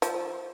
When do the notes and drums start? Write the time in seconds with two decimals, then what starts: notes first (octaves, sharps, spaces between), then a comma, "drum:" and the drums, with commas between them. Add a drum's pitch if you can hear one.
0.02 F3, drum: hi-hat